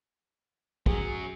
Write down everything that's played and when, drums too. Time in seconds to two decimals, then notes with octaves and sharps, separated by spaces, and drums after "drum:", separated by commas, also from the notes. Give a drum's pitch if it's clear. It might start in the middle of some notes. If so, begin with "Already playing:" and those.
0.86 F#3 C#4 G#4, drum: kick